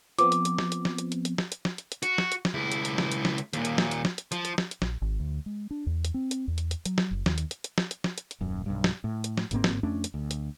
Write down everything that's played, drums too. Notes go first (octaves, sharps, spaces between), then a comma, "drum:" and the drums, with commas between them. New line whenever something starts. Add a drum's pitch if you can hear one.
F3 B3 C4 D6, drum: hi-hat
drum: hi-hat
drum: hi-hat
drum: snare
drum: hi-hat
drum: snare
drum: hi-hat
drum: hi-hat
drum: hi-hat
drum: snare
drum: hi-hat
drum: snare
drum: hi-hat
drum: hi-hat
F#4, drum: hi-hat
drum: snare
drum: hi-hat
drum: snare
C#2 E4
drum: hi-hat
drum: hi-hat
drum: snare
drum: hi-hat
drum: snare
drum: hi-hat
D#2 A#2, drum: hi-hat
drum: hi-hat
drum: snare
drum: hi-hat
drum: snare
drum: hi-hat
F3, drum: hi-hat
drum: hi-hat
drum: snare
drum: hi-hat
A#1, drum: snare
G#1
D2
G#3
D4
E2
drum: hi-hat
C4
drum: hi-hat
E2
drum: hi-hat
drum: hi-hat
F#3, drum: hi-hat
drum: snare
F#1
D#2, drum: snare
drum: hi-hat
drum: hi-hat
drum: hi-hat
drum: snare
drum: hi-hat
drum: snare
drum: hi-hat
drum: hi-hat
D#1 F#2
B1 G2
drum: snare
A2
drum: hi-hat
drum: snare
G1 G#2 A#3 C4, drum: hi-hat
drum: snare
F2 A3 C#4 D4
drum: hi-hat
D2
drum: hi-hat